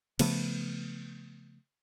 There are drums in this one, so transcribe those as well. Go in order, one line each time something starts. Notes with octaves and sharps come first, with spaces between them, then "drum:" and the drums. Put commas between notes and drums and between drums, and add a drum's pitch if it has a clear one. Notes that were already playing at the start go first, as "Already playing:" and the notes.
C#3 F3 A3 B3, drum: cymbal